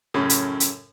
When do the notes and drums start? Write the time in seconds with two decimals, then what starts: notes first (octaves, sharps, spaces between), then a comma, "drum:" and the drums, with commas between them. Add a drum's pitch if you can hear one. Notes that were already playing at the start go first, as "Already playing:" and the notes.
0.14 F#2 A2 C#3
0.30 drum: hi-hat
0.60 drum: hi-hat